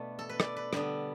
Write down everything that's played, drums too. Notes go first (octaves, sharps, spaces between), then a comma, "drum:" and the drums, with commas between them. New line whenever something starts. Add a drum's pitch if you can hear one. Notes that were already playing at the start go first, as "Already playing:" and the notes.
Already playing: B2 A3 D4 B4
A4
B4
D5, drum: rim click
B4
D3 G3 B3 D4, drum: rim click